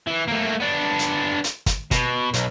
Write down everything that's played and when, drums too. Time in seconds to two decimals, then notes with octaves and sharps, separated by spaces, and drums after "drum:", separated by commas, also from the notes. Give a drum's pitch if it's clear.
0.07 E3
0.28 A3 A#3
0.60 B3 D4
0.99 drum: hi-hat
1.44 drum: hi-hat
1.66 drum: kick, hi-hat
1.91 B2, drum: kick, hi-hat
2.34 B1, drum: hi-hat